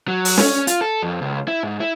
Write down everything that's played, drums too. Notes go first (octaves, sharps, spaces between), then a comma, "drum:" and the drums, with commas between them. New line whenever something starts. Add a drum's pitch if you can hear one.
F#3
drum: open hi-hat
C#4, drum: snare
F4, drum: hi-hat
A4
F2
C#2
E4
G#2
E4